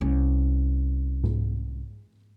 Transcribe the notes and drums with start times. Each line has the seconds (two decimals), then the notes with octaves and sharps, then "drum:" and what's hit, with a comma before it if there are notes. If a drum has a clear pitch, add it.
0.01 C2 C#4
1.24 drum: tom G#2